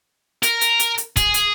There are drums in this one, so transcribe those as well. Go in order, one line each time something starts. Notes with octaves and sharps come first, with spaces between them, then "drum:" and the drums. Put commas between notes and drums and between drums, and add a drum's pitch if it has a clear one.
A#4, drum: hi-hat
drum: hi-hat
drum: hi-hat
drum: hi-hat
G#4, drum: kick, hi-hat
drum: hi-hat